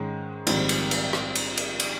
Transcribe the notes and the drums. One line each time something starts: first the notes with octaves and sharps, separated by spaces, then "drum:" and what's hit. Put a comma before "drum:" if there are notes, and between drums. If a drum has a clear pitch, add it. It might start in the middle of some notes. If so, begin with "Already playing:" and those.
Already playing: G#2 D#3 G#3 C#4
A#1 G#2 D#3 G3 C4, drum: cymbal
drum: cymbal
drum: cymbal
drum: rim click
drum: cymbal
drum: cymbal
drum: cymbal